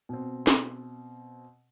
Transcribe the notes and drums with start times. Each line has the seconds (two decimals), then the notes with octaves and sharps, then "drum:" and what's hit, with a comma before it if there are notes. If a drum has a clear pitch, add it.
0.09 B2 C4
0.47 drum: snare